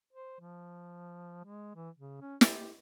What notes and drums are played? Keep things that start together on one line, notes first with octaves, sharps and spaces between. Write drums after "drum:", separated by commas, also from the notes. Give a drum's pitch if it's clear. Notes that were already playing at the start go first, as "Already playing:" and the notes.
C5
F3
G#3
E3
C#3
C#4
G4, drum: snare